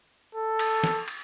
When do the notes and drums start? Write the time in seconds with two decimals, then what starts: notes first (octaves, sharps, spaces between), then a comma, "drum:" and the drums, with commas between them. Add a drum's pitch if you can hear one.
0.35 A4
0.59 drum: cymbal
0.84 drum: snare
1.08 drum: cymbal